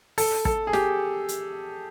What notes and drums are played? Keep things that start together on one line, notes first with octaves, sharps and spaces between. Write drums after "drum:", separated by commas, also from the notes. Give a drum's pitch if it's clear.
A4, drum: open hi-hat
A4, drum: kick
G#4
G4, drum: snare
drum: hi-hat